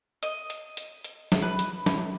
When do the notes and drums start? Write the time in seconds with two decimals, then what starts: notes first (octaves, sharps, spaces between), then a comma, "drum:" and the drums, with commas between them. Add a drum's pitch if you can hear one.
0.23 D#5, drum: hi-hat
0.50 drum: hi-hat
0.77 drum: hi-hat
1.04 drum: hi-hat
1.32 drum: snare
1.42 B4
1.59 drum: hi-hat
1.86 drum: snare